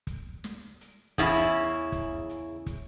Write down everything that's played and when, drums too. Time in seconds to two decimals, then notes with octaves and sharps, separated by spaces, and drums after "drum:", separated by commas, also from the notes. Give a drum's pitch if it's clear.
0.07 drum: kick, hi-hat
0.44 drum: snare
0.81 drum: hi-hat
1.18 E2 C#3 E4, drum: kick, hi-hat
1.55 drum: hi-hat
1.92 drum: kick, hi-hat
2.29 drum: hi-hat
2.66 drum: kick, hi-hat